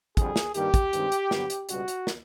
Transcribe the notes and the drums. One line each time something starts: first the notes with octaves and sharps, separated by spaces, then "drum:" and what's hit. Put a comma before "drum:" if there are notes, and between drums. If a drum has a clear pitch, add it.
F2 D3 G3 G#4, drum: kick, hi-hat
drum: snare
G2 D#3 G3 A#3 G4, drum: hi-hat
drum: kick, hi-hat
G2 D#3 G#3 C4, drum: hi-hat
drum: hi-hat
G2 D3 F#3 B3, drum: snare
drum: hi-hat
C#2 B2 G3 B3 F#4, drum: hi-hat
drum: hi-hat
drum: snare